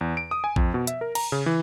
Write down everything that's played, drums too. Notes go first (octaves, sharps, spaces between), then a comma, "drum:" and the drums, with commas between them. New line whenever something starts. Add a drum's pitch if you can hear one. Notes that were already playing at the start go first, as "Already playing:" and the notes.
E2
D7
D#6
G#5
F2, drum: kick A#1
B2
E5, drum: hi-hat
A#4
A#5, drum: cymbal
C#3
E3